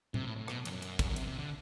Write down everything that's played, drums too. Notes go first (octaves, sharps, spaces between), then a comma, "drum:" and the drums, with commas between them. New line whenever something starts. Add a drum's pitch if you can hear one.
C3, drum: tom A2
A2
A2
B2, drum: rim click
E2, drum: cymbal
F#2
drum: cymbal
drum: kick, cymbal
D3
C3, drum: cymbal
C3
D3